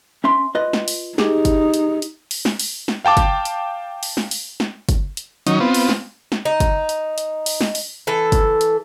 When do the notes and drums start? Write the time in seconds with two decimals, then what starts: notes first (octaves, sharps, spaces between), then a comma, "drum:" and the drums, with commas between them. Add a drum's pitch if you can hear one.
0.24 C#4 E5 C6
0.55 F4 B4 D#5
0.73 drum: snare
0.88 drum: open hi-hat
1.18 D#4 G4 G#4, drum: snare
1.45 drum: kick, hi-hat
1.74 drum: hi-hat
2.02 drum: hi-hat
2.31 drum: open hi-hat
2.45 drum: snare
2.60 drum: open hi-hat
2.88 drum: snare
3.05 F5 G5 A5 D6
3.17 drum: kick, hi-hat
3.45 drum: hi-hat
4.03 drum: open hi-hat
4.17 drum: snare
4.31 drum: open hi-hat
4.60 drum: snare
4.89 drum: kick, hi-hat
5.17 drum: hi-hat
5.47 D#3 F#3 C#4 D#4, drum: hi-hat
5.60 B3 C4 F4
5.74 drum: open hi-hat
5.89 drum: snare
6.32 drum: snare
6.45 D#4
6.60 drum: kick, hi-hat
6.89 drum: hi-hat
7.18 drum: hi-hat
7.46 drum: open hi-hat
7.61 drum: snare
7.75 drum: open hi-hat
8.07 E3 A4
8.32 drum: kick, hi-hat
8.61 drum: hi-hat